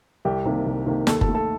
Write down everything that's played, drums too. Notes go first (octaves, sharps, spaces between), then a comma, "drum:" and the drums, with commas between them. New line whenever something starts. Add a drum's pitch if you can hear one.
C2 G4
C3 D#3 A#3
C2
C3 D#3 A#3
D#2 A4, drum: snare
A4, drum: kick F#1
D#3 A3
A4